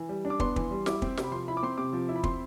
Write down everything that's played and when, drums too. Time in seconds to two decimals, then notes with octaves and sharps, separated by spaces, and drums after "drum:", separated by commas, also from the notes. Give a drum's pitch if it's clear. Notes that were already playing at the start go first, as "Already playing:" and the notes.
Already playing: E3
0.09 G3
0.25 D4
0.30 D6
0.40 B3 C6, drum: kick
0.56 E3, drum: kick
0.71 G3
0.86 E4 D6, drum: snare
1.02 C4, drum: kick
1.17 C3, drum: snare
1.24 B5
1.32 F3 C6
1.48 E4 B5
1.57 D6
1.63 C4 C6
1.78 C3 D6
1.93 F3
2.08 E4
2.16 B5
2.24 C4 C6, drum: kick